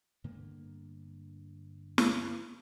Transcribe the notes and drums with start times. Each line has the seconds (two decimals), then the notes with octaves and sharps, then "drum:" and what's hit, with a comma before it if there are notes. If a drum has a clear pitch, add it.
0.24 G2 D3 A#3 B3
1.98 drum: snare